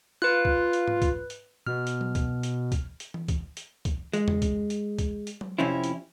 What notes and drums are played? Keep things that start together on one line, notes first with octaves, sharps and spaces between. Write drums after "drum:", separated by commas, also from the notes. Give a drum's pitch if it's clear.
F4 B4 F#6
drum: kick
drum: hi-hat
drum: tom G#2
drum: kick, hi-hat
drum: hi-hat
B2 F6
drum: hi-hat
drum: tom F#3
drum: kick, hi-hat
drum: hi-hat
drum: kick, hi-hat
drum: hi-hat
drum: tom E3
drum: kick, hi-hat
drum: hi-hat
drum: kick, hi-hat
G#3, drum: hi-hat
drum: tom E2
drum: kick, hi-hat
drum: hi-hat
drum: kick, hi-hat
drum: hi-hat
drum: tom F#3
F2 C3 C4 C#4 E4
drum: hi-hat